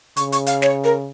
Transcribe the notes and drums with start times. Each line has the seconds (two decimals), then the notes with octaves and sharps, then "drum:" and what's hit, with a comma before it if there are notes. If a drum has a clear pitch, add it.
0.17 C#3 C#6, drum: hi-hat
0.32 C#6, drum: hi-hat
0.47 F5, drum: hi-hat
0.62 C#5, drum: snare
0.84 A#4